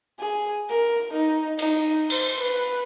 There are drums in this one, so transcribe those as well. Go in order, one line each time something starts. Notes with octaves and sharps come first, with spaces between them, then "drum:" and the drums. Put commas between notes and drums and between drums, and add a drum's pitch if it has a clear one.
G#4
A#4
D#4
D#4, drum: cymbal
C5, drum: cymbal
B4